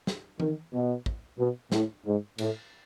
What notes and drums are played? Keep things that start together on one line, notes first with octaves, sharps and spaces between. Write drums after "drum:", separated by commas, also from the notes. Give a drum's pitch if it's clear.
drum: snare
D#3, drum: tom E3
B2
drum: kick
B2
A2, drum: snare
G#2
A2, drum: cymbal